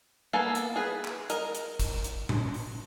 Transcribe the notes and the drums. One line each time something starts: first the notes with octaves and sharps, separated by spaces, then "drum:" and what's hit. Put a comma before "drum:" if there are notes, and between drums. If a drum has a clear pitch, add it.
A#3 B3 A4 G#5
drum: hi-hat
G#4 B4
drum: clap
A#4 D#5, drum: hi-hat
drum: hi-hat
drum: kick, hi-hat
drum: hi-hat
drum: tom A2
drum: open hi-hat